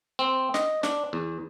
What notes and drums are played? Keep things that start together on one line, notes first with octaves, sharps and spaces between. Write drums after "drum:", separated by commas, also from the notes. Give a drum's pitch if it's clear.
C4
D#5, drum: snare
D4, drum: snare
E2